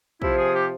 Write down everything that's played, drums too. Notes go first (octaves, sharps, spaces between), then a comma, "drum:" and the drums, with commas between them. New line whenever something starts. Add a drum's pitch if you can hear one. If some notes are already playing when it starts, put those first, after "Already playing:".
C3 F3 E4, drum: kick
G#4
G4